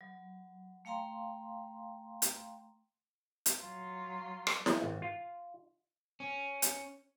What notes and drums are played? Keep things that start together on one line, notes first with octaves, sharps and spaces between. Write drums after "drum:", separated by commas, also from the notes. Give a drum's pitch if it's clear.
F#3
A3 F5 G5 A#5 C6
drum: hi-hat
drum: hi-hat
F#3 F4
drum: rim click
drum: snare E4
G#1
F4
C#4
drum: hi-hat